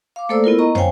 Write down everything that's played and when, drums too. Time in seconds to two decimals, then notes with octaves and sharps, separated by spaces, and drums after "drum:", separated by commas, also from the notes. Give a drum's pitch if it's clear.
0.16 F5 D6
0.29 A3 A#3 A4 C5 D5 E6
0.44 B3 E4 F4 A#4
0.58 D#5 A#5 C#6
0.75 C5 C#5 F5 G5 G#5, drum: tom